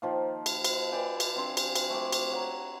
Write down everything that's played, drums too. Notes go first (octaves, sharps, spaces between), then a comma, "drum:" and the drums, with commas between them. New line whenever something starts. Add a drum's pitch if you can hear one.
D#3 F3 A#3
drum: cymbal
drum: cymbal
B4 D5 G5 G#5
drum: cymbal
C4 D4 C5
drum: cymbal
drum: cymbal
A3 G5 D6
drum: cymbal
C#5 F#5 A#5